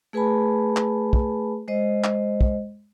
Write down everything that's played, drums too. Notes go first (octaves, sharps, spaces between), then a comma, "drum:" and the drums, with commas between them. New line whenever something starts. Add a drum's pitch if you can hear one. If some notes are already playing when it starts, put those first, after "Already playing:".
A3 G#4 B4 G#5 A5 B5
drum: clap
drum: kick
G#3 C5 D#5
drum: clap
drum: kick